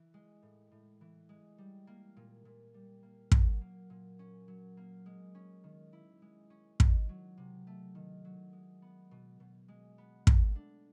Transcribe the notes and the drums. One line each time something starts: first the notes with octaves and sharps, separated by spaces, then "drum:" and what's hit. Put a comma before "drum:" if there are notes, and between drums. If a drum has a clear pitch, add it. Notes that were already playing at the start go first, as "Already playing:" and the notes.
Already playing: E3
G#3
A2
A2
E3
G#3
G3
A#3
A#2
A#2
G3
A#3
F#3, drum: kick
A#3
A#2
C#4
F#3
A#3
G#3
C#4
D#3
E4
G#3
C#4
D#3, drum: kick
F#3
C3
A3
D#3
F#3
G#3
B3
B2
B2
G#3
B3
A3, drum: kick
D4